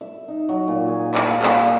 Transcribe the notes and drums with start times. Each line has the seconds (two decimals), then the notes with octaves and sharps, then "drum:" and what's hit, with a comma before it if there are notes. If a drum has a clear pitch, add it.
0.01 E5
0.28 D#4
0.49 F#3
0.68 A#2
0.88 G#4
1.15 D4, drum: clap
1.27 A#3
1.43 A#3, drum: clap